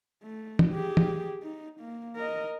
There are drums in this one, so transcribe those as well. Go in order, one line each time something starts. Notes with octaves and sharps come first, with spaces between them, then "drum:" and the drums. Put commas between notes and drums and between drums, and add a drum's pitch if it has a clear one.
A3
drum: tom
G4 G#4
drum: tom
D#4
A#3
A#4 D#5